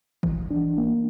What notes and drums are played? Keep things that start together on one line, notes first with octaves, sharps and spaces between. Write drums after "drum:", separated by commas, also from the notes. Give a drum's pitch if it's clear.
E3, drum: kick G1
D4
A#3